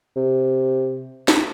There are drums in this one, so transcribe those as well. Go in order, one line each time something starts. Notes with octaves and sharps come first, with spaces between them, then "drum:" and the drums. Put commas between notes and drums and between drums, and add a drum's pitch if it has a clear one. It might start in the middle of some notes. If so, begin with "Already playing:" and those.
C3
drum: snare